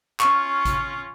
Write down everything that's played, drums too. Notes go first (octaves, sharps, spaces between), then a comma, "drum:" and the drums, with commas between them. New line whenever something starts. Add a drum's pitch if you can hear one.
C#4 F4 C#6, drum: clap
drum: kick G#1, hi-hat